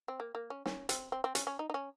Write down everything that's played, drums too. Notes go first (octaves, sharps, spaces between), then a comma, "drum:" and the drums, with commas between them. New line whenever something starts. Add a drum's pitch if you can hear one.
C4
A#3
A#3
C#4
C#4, drum: snare
C4, drum: hi-hat
C4
C4
C#4, drum: hi-hat
C#4
D#4
D#4
C#4